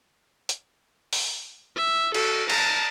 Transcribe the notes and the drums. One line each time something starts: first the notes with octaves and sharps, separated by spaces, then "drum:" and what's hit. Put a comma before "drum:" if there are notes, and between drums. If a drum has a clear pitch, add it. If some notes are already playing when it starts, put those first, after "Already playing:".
drum: hi-hat
drum: open hi-hat
E5
F#4 A4, drum: cymbal
A5 A#5, drum: cymbal